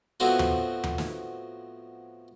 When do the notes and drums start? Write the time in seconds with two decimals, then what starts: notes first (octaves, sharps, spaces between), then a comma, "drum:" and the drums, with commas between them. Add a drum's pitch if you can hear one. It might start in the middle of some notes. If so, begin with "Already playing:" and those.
0.20 A2 F3 F#3 B3 C4 F#4
0.39 drum: tom D#2
0.84 drum: tom D#2
0.98 drum: snare